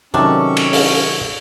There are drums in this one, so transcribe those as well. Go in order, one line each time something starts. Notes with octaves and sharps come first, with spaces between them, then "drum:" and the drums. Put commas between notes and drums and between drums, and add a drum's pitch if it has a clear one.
C3 D#3 F#3 C#4 D4 A4 C#6
drum: cymbal
drum: open hi-hat